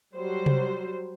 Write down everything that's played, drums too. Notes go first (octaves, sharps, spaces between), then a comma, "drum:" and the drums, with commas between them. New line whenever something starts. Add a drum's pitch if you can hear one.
F#3 G3 C5
drum: tom C3